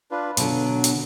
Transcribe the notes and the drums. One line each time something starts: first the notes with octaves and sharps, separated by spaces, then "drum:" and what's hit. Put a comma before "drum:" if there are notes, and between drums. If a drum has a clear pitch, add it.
D4 F4 B4
B2 D3 F#3, drum: hi-hat
drum: hi-hat